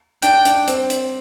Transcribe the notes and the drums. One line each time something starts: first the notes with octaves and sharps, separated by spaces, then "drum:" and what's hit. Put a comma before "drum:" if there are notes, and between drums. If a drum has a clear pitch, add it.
D4 G5, drum: hi-hat
D4, drum: hi-hat
C4, drum: hi-hat
drum: hi-hat